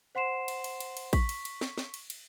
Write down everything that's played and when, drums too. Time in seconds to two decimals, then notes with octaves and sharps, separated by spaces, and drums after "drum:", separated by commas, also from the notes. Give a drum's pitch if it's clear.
0.15 C5 F#5 C6 C7 E7
0.48 drum: cymbal
0.64 drum: cymbal
0.80 drum: cymbal
0.97 drum: cymbal
1.13 C#6 B6, drum: kick, cymbal
1.29 drum: cymbal
1.45 drum: cymbal
1.61 drum: snare
1.78 drum: snare
1.94 drum: cymbal
2.10 drum: cymbal